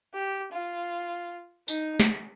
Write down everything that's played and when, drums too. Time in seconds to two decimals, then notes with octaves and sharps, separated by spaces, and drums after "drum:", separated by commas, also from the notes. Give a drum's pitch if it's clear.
0.14 G4
0.52 F4
1.68 D#4, drum: tambourine
2.00 drum: snare